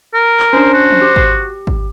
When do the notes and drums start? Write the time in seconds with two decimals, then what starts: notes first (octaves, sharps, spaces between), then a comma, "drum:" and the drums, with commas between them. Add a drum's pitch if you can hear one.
0.14 A#4
0.40 drum: clap
0.53 C#4 D4 C5
0.73 F#4
0.91 drum: tom E3
1.02 G4
1.16 drum: kick
1.67 drum: kick